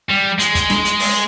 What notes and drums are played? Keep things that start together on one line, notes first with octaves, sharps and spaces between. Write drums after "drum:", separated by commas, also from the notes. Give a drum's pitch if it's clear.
G3
G#3, drum: hi-hat
drum: kick, hi-hat
drum: snare
drum: hi-hat
drum: open hi-hat